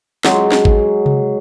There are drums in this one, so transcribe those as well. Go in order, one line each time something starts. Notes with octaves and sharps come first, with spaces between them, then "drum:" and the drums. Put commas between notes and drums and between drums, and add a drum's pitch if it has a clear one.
F#3 G#3, drum: snare
drum: snare
drum: kick
drum: tom C3